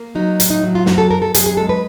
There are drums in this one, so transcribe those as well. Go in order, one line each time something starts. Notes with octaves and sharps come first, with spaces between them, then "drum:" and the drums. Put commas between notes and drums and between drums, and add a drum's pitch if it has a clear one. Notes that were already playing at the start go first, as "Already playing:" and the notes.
Already playing: A#3
F#3 D#4
A2, drum: hi-hat
D#4
F#3
F4
F#2 F#4, drum: snare
A4
F#2 A#4
A4
F#2 G#4, drum: hi-hat
G#4
G#3 A4
B4